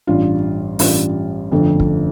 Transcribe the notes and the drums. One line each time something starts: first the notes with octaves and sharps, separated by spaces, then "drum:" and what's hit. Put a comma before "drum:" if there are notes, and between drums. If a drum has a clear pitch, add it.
A1 G2 G3 F4
A1 G2 G3 F4, drum: open hi-hat
G1 F2 D3 A3
drum: kick